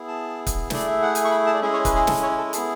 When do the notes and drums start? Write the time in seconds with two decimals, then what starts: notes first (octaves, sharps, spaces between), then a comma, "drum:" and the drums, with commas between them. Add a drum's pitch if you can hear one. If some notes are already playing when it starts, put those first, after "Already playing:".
Already playing: B3 E4 G#4
0.08 A5
0.47 drum: kick, hi-hat
0.70 A3 E4 G#4 D5, drum: snare
0.88 E5
1.02 F#5
1.15 G#5, drum: hi-hat
1.25 C#6
1.31 B5
1.47 A5
1.54 D5
1.61 G#3 C#4 E4 G#4 E5
1.73 C#5
1.85 B4, drum: kick, hi-hat
1.95 G#4
2.07 A4, drum: snare
2.23 C#5
2.38 A4
2.53 B3 E4 G#4 A4, drum: hi-hat